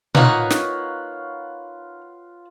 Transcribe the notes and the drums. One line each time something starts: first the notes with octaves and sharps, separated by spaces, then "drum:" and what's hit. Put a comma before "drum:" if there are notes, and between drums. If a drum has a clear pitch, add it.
A#3 D#4 F4 B4 C#5 F#5, drum: tom A#2
drum: snare